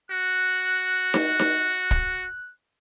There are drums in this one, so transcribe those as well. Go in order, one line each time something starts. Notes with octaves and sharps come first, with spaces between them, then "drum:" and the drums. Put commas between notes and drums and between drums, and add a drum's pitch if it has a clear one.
F#4 F#6
drum: snare D#4
drum: snare D#4
drum: kick